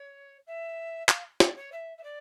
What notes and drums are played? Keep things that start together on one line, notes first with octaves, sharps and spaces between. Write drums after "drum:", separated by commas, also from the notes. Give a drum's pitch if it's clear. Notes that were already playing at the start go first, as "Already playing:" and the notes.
Already playing: C#5
E5
F5, drum: clap
D5, drum: snare
C#5
E5
E5
D5